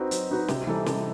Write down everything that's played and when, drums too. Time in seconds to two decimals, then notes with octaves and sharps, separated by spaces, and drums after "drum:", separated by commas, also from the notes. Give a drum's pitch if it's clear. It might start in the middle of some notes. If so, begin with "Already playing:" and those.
Already playing: C4 D#4 F#4 B4
0.11 F#3, drum: hi-hat
0.30 C4 D#4 F#4 B4
0.48 C3, drum: snare
0.67 E3 G3 D#4 A4
0.86 C3, drum: snare